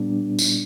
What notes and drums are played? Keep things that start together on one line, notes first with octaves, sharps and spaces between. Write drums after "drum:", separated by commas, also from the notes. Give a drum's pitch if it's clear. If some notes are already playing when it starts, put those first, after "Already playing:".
Already playing: A#2 G3 B3 D4
drum: tambourine